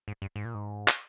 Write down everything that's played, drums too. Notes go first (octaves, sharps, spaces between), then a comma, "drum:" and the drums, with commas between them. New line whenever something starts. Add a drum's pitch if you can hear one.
G#2
G2
G#2
A#2
G#2
drum: clap